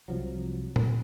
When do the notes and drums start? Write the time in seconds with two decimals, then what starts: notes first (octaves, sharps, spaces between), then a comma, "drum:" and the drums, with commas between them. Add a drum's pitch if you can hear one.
0.08 C2 C3 F3 F#3
0.76 drum: tom A#2